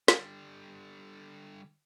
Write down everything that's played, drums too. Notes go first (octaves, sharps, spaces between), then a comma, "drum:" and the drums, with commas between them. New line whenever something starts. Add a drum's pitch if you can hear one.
D3 G3, drum: snare